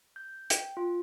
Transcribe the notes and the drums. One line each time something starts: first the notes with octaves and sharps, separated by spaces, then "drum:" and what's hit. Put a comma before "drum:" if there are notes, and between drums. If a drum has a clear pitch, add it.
G6
G5, drum: hi-hat
F4